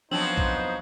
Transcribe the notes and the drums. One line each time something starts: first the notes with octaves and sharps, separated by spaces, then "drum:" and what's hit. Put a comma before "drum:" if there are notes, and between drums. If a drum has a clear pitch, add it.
F3 F#3 B3 C4 D4 D#4 C5 F#7
drum: kick A#1